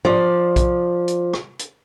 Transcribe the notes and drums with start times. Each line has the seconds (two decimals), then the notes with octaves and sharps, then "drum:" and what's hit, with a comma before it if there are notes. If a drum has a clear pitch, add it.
0.05 F3 D5, drum: tom G#2
0.56 drum: kick, hi-hat
1.08 drum: hi-hat
1.34 drum: rim click
1.59 drum: hi-hat